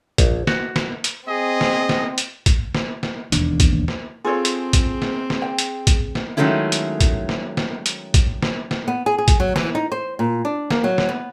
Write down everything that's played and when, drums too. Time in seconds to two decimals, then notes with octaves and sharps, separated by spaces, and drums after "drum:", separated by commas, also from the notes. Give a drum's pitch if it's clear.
0.18 A#1, drum: kick, hi-hat
0.47 F#4, drum: snare
0.76 drum: snare
1.04 drum: hi-hat
1.28 C4 G#4 D#5
1.61 drum: snare
1.89 drum: snare
2.18 drum: hi-hat
2.46 drum: kick, hi-hat
2.75 drum: snare
3.03 drum: snare
3.32 E1 D#2 A#3 D4, drum: hi-hat
3.60 drum: kick, hi-hat
3.88 drum: snare
4.25 C4 F4 G#4 A4 C#5
4.45 drum: hi-hat
4.73 drum: kick, hi-hat
5.02 drum: snare
5.30 drum: snare
5.42 G5
5.59 drum: hi-hat
5.87 drum: kick, hi-hat
6.15 drum: snare
6.37 D#3 F#3 G#3 A3 C#4 E4
6.72 drum: hi-hat
7.01 drum: kick, hi-hat
7.29 drum: snare
7.57 drum: snare
7.86 drum: hi-hat
8.14 drum: kick, hi-hat
8.42 drum: snare
8.71 drum: snare
8.88 B3
9.06 G#4
9.18 G#4
9.28 drum: kick, hi-hat
9.40 F#3
9.56 E3, drum: snare
9.75 D#4
9.92 C5
10.19 A#2
10.45 D4
10.71 A#3, drum: snare
10.84 F#3
10.98 drum: snare
11.09 B3